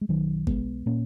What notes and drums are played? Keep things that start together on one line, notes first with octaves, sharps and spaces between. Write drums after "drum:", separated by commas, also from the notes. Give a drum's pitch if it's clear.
G#3
B1 D#3 F#3
B1 G#3 B3, drum: kick G1
A#2 A#3 C#4